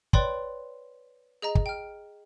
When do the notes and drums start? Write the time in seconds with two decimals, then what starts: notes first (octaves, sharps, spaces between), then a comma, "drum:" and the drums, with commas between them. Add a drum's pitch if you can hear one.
0.13 B4 C#5 D5 G5 B5 C6, drum: kick
1.42 G#4 D#5 A#5
1.55 drum: kick
1.66 G5 F6